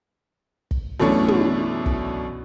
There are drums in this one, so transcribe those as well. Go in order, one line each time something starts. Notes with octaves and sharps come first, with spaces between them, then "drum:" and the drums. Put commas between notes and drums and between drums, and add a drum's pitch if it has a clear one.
drum: kick
F#2 B2 E3 A3 C#4 D4
drum: tom
drum: kick